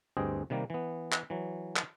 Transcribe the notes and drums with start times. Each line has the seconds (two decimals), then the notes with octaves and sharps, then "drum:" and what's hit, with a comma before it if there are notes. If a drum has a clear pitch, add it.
0.17 D2 G2 C4 G#4 D#5 G5
0.50 C3 D#3 G3 A#3
0.70 E3 B3
1.12 drum: clap
1.30 E3 F#3
1.76 drum: clap